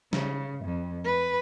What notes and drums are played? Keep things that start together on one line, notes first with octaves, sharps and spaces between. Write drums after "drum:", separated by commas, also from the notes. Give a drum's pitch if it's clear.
C#3, drum: snare
F2
B4